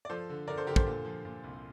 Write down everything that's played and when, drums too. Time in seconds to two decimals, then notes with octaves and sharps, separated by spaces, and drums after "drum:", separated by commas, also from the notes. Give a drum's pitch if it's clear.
0.05 D5
0.10 F3 A4 C5
0.29 D3
0.47 D3 A#4 D5
0.58 A4 C5
0.67 D3 G4 A#4
0.76 A4 C5, drum: kick
0.87 A#2
1.05 F3
1.25 A#2
1.44 C2